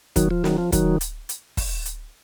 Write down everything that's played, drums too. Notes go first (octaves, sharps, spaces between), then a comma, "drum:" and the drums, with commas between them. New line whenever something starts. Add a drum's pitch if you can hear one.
D#3 F#3, drum: kick, hi-hat
F3
D#3 F#3, drum: snare
F3
D#3 F#3, drum: kick, hi-hat
drum: hi-hat
drum: hi-hat
drum: kick, open hi-hat
drum: hi-hat